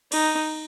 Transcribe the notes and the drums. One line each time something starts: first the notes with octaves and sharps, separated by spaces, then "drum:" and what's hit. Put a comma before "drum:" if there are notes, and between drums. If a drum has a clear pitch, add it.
D#4, drum: cymbal